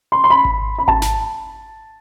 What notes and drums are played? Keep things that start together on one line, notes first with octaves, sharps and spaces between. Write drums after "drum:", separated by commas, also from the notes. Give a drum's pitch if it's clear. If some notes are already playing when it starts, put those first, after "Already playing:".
C6
C6
B5
drum: kick G#1
B5
A5, drum: kick G#1
drum: snare